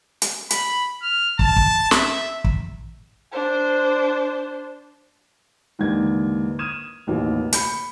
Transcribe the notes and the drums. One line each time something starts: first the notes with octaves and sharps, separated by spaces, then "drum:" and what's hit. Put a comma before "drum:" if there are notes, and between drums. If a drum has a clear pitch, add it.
drum: hi-hat
B5, drum: hi-hat
F6
A5, drum: kick
drum: kick
E5, drum: snare
drum: kick
D4 C5
D#2 G#2 D3 E3 G#6
D#6 F6 G#6 D#7 E7
A1 D#2 B2 E3
B5 G6 C#7, drum: hi-hat